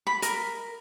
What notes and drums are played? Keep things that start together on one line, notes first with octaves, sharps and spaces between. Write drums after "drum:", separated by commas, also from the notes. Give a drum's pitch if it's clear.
B5
A#4, drum: hi-hat